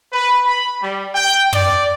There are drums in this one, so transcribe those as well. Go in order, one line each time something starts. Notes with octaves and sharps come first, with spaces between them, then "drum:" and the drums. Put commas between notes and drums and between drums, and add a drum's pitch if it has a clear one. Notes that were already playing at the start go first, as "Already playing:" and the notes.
B4
B5
G3
G5
D5, drum: tom